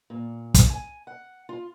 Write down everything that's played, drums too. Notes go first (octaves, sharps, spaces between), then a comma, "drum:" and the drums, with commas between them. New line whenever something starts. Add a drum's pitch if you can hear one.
A#2
drum: kick, hi-hat
G#5
F#5
F4